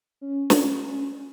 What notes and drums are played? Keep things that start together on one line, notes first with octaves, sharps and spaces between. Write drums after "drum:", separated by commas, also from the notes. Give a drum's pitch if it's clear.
C#4
drum: snare